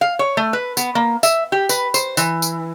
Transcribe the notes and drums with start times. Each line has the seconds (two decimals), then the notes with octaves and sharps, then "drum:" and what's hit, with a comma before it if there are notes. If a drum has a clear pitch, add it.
0.01 F5
0.19 C#5
0.37 A3
0.53 B4
0.77 B3, drum: tambourine
0.95 A#3
1.23 E5, drum: tambourine
1.52 G4
1.69 B4, drum: tambourine
1.94 C5, drum: tambourine
2.17 E3, drum: tambourine
2.42 drum: tambourine